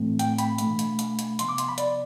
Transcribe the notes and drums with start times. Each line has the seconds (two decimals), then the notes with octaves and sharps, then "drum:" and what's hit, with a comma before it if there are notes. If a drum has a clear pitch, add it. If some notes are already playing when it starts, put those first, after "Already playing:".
Already playing: A2 E3 A3 C4
0.19 G5, drum: hi-hat
0.38 B5, drum: hi-hat
0.58 B2 A3 D4, drum: hi-hat
0.79 drum: hi-hat
0.99 drum: hi-hat
1.19 drum: hi-hat
1.39 C3 F3 B3 C6, drum: hi-hat
1.49 D6
1.58 C6, drum: hi-hat
1.68 B5
1.78 D5, drum: hi-hat